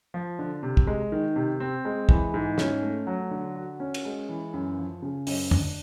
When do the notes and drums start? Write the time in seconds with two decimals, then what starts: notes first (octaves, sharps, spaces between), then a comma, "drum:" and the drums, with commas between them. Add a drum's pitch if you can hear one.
0.14 F3
0.39 D3
0.63 C3
0.77 drum: kick
0.87 G#3
1.12 D#3
1.36 C3
1.60 C4
1.85 G#3
2.09 E3, drum: kick
2.34 G#2
2.58 C#4, drum: snare
2.82 A3
3.07 F#3
3.31 D3
3.56 F#4
3.80 C#4
3.94 drum: cymbal
4.05 G#3
4.29 E3
4.54 F#2
4.78 F3
5.02 C#3
5.27 F#2, drum: open hi-hat
5.51 D4, drum: tom F2